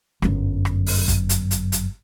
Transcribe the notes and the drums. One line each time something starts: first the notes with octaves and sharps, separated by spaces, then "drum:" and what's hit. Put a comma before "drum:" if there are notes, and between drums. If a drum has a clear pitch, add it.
G1 F#2, drum: rim click
drum: rim click
drum: open hi-hat
drum: kick, hi-hat
drum: hi-hat
drum: hi-hat
drum: hi-hat